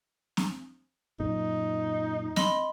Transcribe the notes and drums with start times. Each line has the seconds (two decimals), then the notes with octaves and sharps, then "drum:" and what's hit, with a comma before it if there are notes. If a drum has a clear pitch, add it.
0.37 drum: snare C4
1.20 F#2 A#2 D#4
2.36 D#5 B5 C6, drum: snare C4